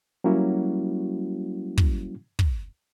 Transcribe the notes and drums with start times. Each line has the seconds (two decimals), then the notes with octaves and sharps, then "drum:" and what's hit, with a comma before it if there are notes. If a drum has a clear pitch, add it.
0.24 F#3 G3 A#3 C#4 E4 F#4
1.78 drum: kick
2.39 drum: kick